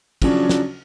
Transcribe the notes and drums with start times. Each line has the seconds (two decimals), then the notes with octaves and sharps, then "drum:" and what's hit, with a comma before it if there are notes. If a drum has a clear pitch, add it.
0.22 C#3 F3 F#3 C#4 D4, drum: kick, cymbal
0.49 drum: snare